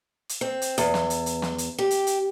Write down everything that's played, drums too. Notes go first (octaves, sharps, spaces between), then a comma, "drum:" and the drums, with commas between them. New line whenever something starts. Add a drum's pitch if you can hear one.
drum: hi-hat
C4
drum: hi-hat
E2, drum: hi-hat
drum: snare
drum: hi-hat
drum: hi-hat
drum: snare
drum: hi-hat
G4
drum: hi-hat
drum: hi-hat